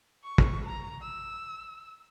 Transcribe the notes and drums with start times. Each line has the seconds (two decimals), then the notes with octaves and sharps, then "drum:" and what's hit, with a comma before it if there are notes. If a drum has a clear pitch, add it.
0.24 C#6
0.38 drum: kick
0.66 A#5
1.01 E6